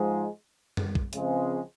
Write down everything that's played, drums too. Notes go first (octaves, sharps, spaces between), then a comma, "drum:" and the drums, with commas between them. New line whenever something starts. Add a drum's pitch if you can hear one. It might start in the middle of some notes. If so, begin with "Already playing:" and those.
Already playing: G#2 F3 G#3
drum: tom F#2
drum: kick
C#2 C#3 F3 G#3 C4, drum: hi-hat